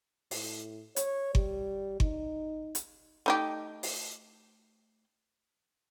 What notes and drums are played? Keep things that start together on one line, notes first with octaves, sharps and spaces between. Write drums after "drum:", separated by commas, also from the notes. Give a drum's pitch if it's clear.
A2, drum: open hi-hat
C#5, drum: hi-hat
G3, drum: kick G1
D#4, drum: kick G1
drum: hi-hat
A3 D#4 G4
drum: open hi-hat